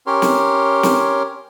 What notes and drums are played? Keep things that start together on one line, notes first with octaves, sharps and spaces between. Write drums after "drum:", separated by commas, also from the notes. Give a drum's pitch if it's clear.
C#4 G4 A#4 C#5 C6
drum: snare
drum: snare